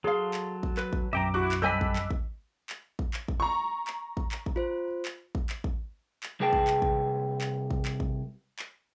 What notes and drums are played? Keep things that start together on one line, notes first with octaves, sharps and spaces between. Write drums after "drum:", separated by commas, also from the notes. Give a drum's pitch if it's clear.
F#3 G#4 A4 F5 C6
drum: clap
drum: kick
B4, drum: clap
drum: kick
B1 F#2 E5 G5 A#5 D6
E4 F#4 D6 F#6
drum: clap
G3 A4 C5 D#5 G#5 B5 E6 B6
drum: kick
drum: clap
drum: kick
drum: clap
drum: kick
drum: clap
drum: kick
A#5 C#6
drum: clap
drum: kick
drum: clap
drum: kick
F4 C5
drum: clap
drum: kick
drum: clap
drum: kick
drum: clap
C2 C3 G#4 B4 G5 A5
drum: kick
drum: clap
drum: kick
drum: clap
drum: kick
drum: clap
drum: kick
drum: clap